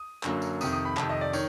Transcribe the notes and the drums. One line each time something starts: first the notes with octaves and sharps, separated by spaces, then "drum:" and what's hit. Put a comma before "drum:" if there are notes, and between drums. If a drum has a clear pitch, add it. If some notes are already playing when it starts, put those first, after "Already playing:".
Already playing: D#6
F#2 D3 F#3 A#3, drum: clap
drum: tambourine
F2 C3 D#3 D#6, drum: tambourine
D#6
B5
F2 C3 D#3 A5, drum: clap
D#5
D5
D#3 C#5, drum: tambourine